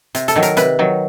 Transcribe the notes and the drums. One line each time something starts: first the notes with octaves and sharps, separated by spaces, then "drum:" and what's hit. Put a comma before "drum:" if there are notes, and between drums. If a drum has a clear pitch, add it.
C3, drum: hi-hat
A4, drum: hi-hat
D#3 F#3
A#4, drum: hi-hat
C3 B4, drum: hi-hat
D#3 F#3